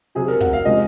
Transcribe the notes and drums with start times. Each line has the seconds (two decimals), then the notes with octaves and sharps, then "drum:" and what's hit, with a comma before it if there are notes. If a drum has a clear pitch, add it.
0.15 C3 F#3 G#4
0.28 A#4
0.41 F#5, drum: kick
0.53 F5
0.65 C3 F3 G#3 D#5